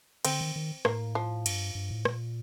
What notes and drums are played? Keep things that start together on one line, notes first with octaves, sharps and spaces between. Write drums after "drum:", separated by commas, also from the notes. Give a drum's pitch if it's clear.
D3 C4, drum: cymbal
D#3
D#3
A2 A#3, drum: rim click
F3
G2, drum: cymbal
G2
A2
A#2, drum: rim click